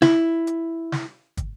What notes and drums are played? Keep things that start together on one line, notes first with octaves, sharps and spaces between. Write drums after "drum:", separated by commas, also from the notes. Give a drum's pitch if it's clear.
E4, drum: snare
drum: hi-hat
drum: snare
drum: kick, hi-hat